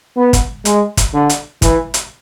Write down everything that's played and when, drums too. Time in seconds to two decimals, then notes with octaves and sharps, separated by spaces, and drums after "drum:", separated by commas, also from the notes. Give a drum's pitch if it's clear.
0.17 B3
0.33 drum: kick, hi-hat
0.65 G#3, drum: hi-hat
0.97 drum: kick, hi-hat
1.13 D3
1.29 drum: hi-hat
1.62 E3, drum: kick, hi-hat
1.94 drum: hi-hat